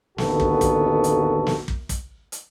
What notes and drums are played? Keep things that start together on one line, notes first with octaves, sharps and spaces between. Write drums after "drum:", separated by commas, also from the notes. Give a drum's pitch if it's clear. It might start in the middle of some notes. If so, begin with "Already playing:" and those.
A1 D#2 D3 B3 F#4 A4, drum: snare
drum: kick
drum: kick, hi-hat
drum: hi-hat
drum: snare
drum: kick
drum: kick, hi-hat
drum: hi-hat